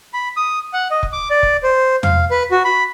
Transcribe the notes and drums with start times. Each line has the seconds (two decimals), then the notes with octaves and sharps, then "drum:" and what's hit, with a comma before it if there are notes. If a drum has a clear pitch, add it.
0.14 B5
0.37 D#6
0.73 F#5
0.91 D#5
1.03 drum: kick
1.13 D6
1.30 D5
1.43 drum: kick
1.63 C5
2.03 F5, drum: tom E2
2.31 B4
2.51 F#4
2.64 B5